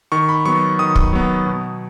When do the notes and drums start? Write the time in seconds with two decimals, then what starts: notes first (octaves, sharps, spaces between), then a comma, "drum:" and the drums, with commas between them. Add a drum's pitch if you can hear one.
0.12 D#3 C#6
0.29 B5
0.46 F#3 B3 C#6
0.79 D#3 D#6
0.95 drum: kick
1.13 F#3 B3
1.46 B2